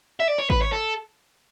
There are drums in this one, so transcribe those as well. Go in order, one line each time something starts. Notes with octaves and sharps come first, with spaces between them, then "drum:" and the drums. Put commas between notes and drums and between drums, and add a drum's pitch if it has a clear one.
E5
D5
C#5
B4, drum: kick G#1
C#5
A4